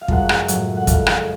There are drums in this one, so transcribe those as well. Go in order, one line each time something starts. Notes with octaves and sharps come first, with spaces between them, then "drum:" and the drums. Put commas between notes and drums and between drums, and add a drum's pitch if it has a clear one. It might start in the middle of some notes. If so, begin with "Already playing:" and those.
F5
F#2 C#3 F3 G#3 F#5, drum: kick
drum: rim click
A2 F#3, drum: hi-hat
F#5
F2 F3 G#3 F5, drum: kick, hi-hat
drum: rim click